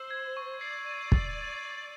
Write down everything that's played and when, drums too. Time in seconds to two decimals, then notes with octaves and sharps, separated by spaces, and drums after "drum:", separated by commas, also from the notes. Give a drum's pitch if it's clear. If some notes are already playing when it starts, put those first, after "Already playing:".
Already playing: C5 E6
0.11 G#6
0.37 C#6
0.61 D5 C7
0.87 D#7
1.12 A6, drum: kick